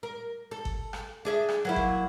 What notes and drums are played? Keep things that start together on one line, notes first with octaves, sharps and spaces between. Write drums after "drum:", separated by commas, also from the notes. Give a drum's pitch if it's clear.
A#4
A4
drum: kick G1
drum: rim click
D4 G#4 E5
drum: rim click
F#3 A#3 E4
drum: kick G1